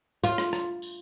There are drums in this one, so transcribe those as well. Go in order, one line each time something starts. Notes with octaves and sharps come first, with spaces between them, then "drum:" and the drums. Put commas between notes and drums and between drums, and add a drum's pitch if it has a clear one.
F4
drum: rim click
drum: rim click
drum: tambourine